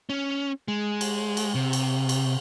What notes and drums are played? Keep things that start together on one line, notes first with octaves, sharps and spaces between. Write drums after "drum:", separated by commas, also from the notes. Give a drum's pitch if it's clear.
C#4
G#3
drum: cymbal
drum: cymbal
C3
drum: cymbal
drum: cymbal